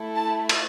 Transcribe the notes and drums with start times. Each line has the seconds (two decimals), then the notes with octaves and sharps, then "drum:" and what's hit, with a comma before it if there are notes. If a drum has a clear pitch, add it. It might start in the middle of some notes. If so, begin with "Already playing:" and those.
Already playing: A3 E4 A4
0.15 A5
0.49 drum: cymbal